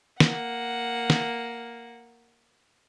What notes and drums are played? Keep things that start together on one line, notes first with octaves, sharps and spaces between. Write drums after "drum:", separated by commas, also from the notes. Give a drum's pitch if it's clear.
A#3 F#5, drum: snare
drum: snare